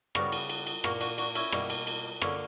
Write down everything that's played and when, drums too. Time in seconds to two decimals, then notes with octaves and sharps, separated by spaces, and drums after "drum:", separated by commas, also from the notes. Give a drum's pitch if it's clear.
0.15 C#3 G3 B3 F#4 A#4, drum: rim click
0.32 drum: cymbal
0.50 drum: cymbal
0.67 drum: cymbal
0.84 A#2 A#3 F#4 A#4, drum: rim click
1.01 D4 F#4, drum: cymbal
1.18 D4 F#4, drum: cymbal
1.35 C#4 E4, drum: cymbal
1.52 B2 G3 A#3, drum: rim click
1.70 drum: cymbal
1.87 drum: cymbal
2.22 D3 A#3 C#4, drum: rim click